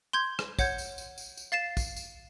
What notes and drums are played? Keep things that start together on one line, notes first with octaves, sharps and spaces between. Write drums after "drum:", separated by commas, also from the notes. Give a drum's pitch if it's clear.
C6 G6 G#6
drum: rim click
C#5 F#5 G6 G#6, drum: kick, tambourine
drum: tambourine
drum: tambourine
drum: tambourine
drum: tambourine
F5 A6 C7 E7
drum: kick, tambourine
drum: tambourine